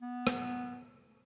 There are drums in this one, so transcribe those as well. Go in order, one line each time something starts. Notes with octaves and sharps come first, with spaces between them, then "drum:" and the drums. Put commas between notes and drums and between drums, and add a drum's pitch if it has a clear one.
B3
drum: rim click